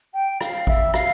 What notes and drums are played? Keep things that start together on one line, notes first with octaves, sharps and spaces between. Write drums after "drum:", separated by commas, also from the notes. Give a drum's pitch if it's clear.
G5
F5, drum: rim click
E5, drum: kick G#1
F5, drum: rim click